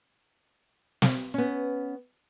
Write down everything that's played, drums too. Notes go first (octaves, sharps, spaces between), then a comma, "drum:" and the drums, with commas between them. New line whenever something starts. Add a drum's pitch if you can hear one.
drum: snare
B3 C#4